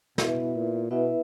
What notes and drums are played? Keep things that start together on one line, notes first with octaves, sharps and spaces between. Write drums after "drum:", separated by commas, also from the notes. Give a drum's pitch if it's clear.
B2 B3 E4 B4 E5, drum: snare
A#2
B2 B3 E4 B4 E5